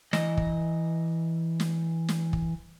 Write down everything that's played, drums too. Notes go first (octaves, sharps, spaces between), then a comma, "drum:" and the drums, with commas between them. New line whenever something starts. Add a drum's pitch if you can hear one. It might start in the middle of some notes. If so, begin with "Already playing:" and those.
E3 D#5, drum: snare
drum: kick
drum: snare
drum: snare
drum: kick